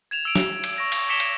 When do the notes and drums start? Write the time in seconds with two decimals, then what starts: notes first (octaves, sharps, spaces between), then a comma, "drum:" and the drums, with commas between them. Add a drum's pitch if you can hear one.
0.11 G#6 E7 F7
0.25 E6 D7 F7
0.36 drum: snare
0.64 drum: cymbal
0.76 C#6 A#6 D7
0.92 C#6 E6, drum: cymbal
1.09 D6 B6 C#7 E7 F7 G7
1.20 drum: cymbal